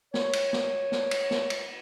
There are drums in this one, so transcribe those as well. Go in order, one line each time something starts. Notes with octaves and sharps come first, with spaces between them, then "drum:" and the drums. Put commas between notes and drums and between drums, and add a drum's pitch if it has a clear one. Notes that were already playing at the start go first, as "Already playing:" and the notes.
C#5, drum: snare
drum: cymbal
drum: snare
drum: snare
drum: cymbal
drum: snare
drum: cymbal